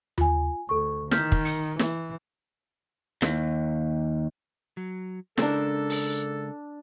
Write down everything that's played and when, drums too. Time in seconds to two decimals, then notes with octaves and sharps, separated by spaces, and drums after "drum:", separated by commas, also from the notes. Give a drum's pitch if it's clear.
0.18 F4 G#5, drum: tom D#2
0.69 D2 A4 C#6
1.11 D#3 F6 G6 B6, drum: snare
1.32 drum: kick
1.45 C#7, drum: hi-hat
1.79 E3, drum: snare
3.22 D#2, drum: snare
4.77 F#3
5.38 C#3 G#3 D4 A4 A#4 E6, drum: snare
5.89 drum: open hi-hat